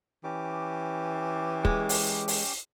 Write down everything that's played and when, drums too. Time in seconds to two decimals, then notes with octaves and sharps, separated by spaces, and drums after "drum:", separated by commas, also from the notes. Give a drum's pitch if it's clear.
0.24 E3 C#4 G4 D6
1.65 G#3, drum: kick
1.89 drum: open hi-hat
2.28 drum: open hi-hat